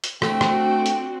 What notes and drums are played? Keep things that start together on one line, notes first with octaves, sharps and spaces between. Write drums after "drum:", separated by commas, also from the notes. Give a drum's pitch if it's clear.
drum: hi-hat
A3 C4 D4 F#4 G5, drum: rim click
drum: rim click
drum: hi-hat